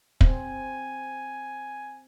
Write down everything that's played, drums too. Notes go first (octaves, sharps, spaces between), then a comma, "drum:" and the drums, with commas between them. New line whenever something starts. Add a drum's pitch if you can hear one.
C4 G#5, drum: kick